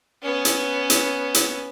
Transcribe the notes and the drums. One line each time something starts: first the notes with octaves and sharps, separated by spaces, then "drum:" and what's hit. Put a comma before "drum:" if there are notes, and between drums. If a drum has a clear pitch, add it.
B3 C#4
drum: hi-hat
drum: hi-hat
drum: hi-hat